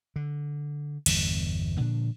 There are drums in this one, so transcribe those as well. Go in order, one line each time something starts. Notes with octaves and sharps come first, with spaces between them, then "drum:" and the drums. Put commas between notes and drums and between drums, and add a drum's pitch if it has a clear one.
D3
G1 E2 B2, drum: cymbal
A#2 D3 F3 D4